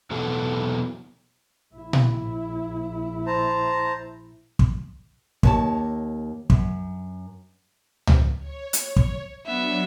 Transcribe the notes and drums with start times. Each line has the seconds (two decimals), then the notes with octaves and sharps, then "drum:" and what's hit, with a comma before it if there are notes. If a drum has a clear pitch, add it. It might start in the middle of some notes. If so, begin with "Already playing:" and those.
0.11 E2 B2 E3 F#3 B3 A4
1.74 A#1 E4
1.93 drum: tom A#2
3.27 C5 A5 A#5
4.59 drum: kick
5.43 D#2 C#5 A5, drum: kick
6.50 F#2, drum: kick
8.07 drum: tom C#2
8.38 C#5
8.73 drum: hi-hat
8.96 drum: kick
9.46 F#3 B3 D4 E5